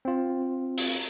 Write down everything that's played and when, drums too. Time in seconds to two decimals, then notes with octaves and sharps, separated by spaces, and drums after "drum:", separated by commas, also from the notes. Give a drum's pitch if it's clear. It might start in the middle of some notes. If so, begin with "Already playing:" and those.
0.05 C4 F4
0.78 drum: open hi-hat